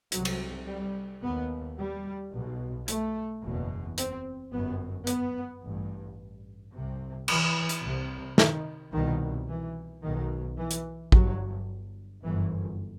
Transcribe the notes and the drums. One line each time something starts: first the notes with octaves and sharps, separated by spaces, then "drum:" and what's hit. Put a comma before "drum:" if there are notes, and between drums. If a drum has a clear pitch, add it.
C2 C3 F#3, drum: hi-hat
drum: cymbal
G3
D#2 B3
G3
B1 B2
A3, drum: hi-hat
F#1 E2 B2
C4, drum: hi-hat
G1 F#2 B3
B3, drum: hi-hat
A1 G2
C2 C3
E3, drum: cymbal
drum: hi-hat
C2 C3
D#3, drum: snare
C2 B2 D#3
E3
B1 B2 D#3
E3
drum: hi-hat
G1 G2 F#3, drum: kick A1
G1 F#2 E3